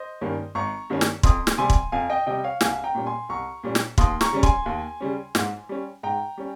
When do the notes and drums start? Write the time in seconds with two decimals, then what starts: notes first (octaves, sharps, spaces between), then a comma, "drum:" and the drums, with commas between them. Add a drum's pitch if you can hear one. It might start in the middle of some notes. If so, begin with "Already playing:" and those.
Already playing: C5 D#5
0.21 G2 D#3 A#3 C#4
0.55 G#1 A#5 C#6
0.90 G2 D#3 A#3 C#4
1.01 drum: snare
1.23 F2 C6 D#6, drum: kick
1.47 drum: snare
1.58 C3 G3 G#5 C6
1.70 drum: kick
1.92 F2 F5 G#5
2.10 D#5 G5
2.27 C3 G3 D#5 G5
2.44 C#5 F5
2.61 C2 F5 G#5, drum: snare
2.84 G5 A#5
2.95 A#2 G3 C#4
3.06 G#5 C6
3.29 C2 A#5 C#6
3.63 A#2 G3 C#4
3.75 drum: snare
3.98 D#2 C6 D#6, drum: kick
4.21 A#5 C#6, drum: snare
4.32 C#3 G3 C#4
4.43 G#5 C6, drum: kick
4.66 D#2
5.00 C#3 G3 C#4
5.35 G#2, drum: snare
5.69 G3 C#4
6.03 G#2 G5 A#5
6.37 G3 C#4